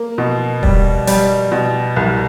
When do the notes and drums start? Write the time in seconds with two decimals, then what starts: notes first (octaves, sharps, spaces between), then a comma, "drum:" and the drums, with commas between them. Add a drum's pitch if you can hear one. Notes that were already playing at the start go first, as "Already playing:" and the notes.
Already playing: A#3
0.18 B2
0.63 G3, drum: kick D#1
1.07 G3, drum: open hi-hat
1.52 B2
1.96 C2